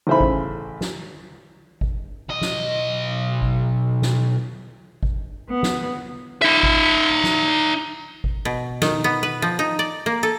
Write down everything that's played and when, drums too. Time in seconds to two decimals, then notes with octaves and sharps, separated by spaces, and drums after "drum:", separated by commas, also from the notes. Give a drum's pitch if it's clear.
0.07 A1 C#3 C5 E5 B5
0.21 drum: kick G#1
0.81 drum: snare
1.81 drum: kick G#1
2.30 B1 D#5
2.42 drum: snare
3.42 drum: kick G#1
4.02 drum: snare
5.03 drum: kick G#1
5.49 B3
5.63 drum: snare
6.42 D#4 E5
6.63 drum: kick G#1
7.24 drum: snare
8.24 drum: kick G#1
8.45 B2
8.82 D#3, drum: snare
9.04 B3
9.23 B4
9.42 F3
9.59 D#4
9.79 D5
10.06 A#3
10.23 A4